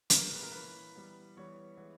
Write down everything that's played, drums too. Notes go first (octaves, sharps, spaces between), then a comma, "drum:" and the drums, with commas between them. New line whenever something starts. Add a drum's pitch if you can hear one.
B4, drum: hi-hat
A#2 G#3 B3 A#4
B4
A#4
E3 A#3 C#4 B4
E3 G3 B3
E3 G3 B3 C#5
E3 G#3 B3